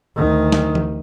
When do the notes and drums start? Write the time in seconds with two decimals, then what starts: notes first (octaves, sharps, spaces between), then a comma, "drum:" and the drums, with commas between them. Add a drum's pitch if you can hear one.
0.16 D2 D#3
0.52 drum: snare
0.75 drum: tom E3